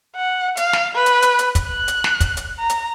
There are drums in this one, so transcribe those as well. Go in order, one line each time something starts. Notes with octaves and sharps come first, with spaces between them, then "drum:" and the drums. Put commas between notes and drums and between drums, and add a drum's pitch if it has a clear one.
F#5
F5, drum: hi-hat
drum: snare
B4
drum: hi-hat
drum: hi-hat
drum: hi-hat
drum: kick, hi-hat
F#6
drum: hi-hat
drum: snare
drum: kick, hi-hat
drum: hi-hat
A#5
drum: hi-hat